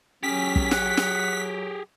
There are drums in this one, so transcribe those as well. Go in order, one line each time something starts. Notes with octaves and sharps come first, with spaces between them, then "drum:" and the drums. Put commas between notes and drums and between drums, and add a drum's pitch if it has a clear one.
F#3 C#4 G4 G#4 B6
drum: kick
F#5, drum: snare
drum: snare